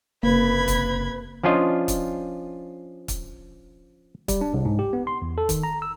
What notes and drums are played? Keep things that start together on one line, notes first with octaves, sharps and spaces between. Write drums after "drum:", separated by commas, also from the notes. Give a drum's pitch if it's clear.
F#1 C3 A#3 B4 B5 G#6
drum: kick, hi-hat
F3 C#4 D4 F4 D#5
drum: kick, hi-hat
drum: kick, hi-hat
G3, drum: kick, hi-hat
D4
C2
G#2
G4
B3
C6
E2
A4
D#3, drum: kick, hi-hat
A#5
E6